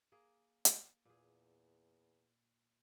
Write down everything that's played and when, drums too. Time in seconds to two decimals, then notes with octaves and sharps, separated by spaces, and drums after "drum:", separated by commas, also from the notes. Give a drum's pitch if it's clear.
0.12 A#3 G#4
0.65 drum: hi-hat
1.05 E2 A#2 G#4